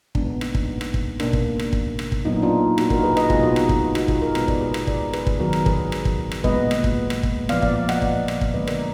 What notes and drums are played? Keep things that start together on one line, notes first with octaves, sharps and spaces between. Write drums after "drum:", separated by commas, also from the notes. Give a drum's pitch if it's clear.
A#2 G#3 B3 D4, drum: kick
D#4, drum: rim click
drum: kick
drum: rim click
drum: kick
B2 A#3 D4, drum: rim click
drum: kick
drum: rim click
drum: kick
drum: rim click
drum: kick
A#2 F#3 B3 D#4
D4 F4
D#4 F#4, drum: rim click
F#4 A#4, drum: kick
G#4 B4
B4 D#5, drum: rim click
B2 G#3 B3 F4 G#4, drum: kick
D#4 F#4
drum: rim click
drum: kick
D#4
D#4 F#4, drum: rim click
F4 G#4, drum: kick
F#4 A#4
B2 G#3 B3 B4, drum: rim click
D5, drum: kick
G#4 B4
drum: rim click
A#4 D5, drum: kick
G#4 B4, drum: rim click
drum: kick
D#3 F#3 B3 F#4 A#4
drum: rim click
G#4 B4, drum: kick
drum: rim click
drum: kick
drum: rim click
A#2 G#3 B3 B4 D#5, drum: kick
drum: rim click
drum: kick
drum: rim click
drum: kick
A#2 F3 B3 D5 F5, drum: rim click
D5 F5, drum: kick
D5 F5
D#5 F#5, drum: rim click
D5 F5, drum: kick
drum: rim click
drum: kick
D3 G#3 B3 B4 D#5
A#4 D5, drum: rim click